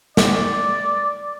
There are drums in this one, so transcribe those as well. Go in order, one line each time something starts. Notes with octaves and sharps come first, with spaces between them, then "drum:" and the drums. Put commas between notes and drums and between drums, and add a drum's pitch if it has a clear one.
D5, drum: snare